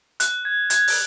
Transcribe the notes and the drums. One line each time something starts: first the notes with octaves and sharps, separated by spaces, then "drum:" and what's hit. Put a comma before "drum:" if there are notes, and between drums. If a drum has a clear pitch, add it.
F#6, drum: hi-hat
G#6
G#6, drum: hi-hat
drum: open hi-hat